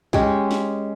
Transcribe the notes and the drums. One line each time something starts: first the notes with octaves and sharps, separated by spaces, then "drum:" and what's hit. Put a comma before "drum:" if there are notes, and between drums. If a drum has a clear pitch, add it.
G#3 C#4 G4 G#4, drum: kick
drum: snare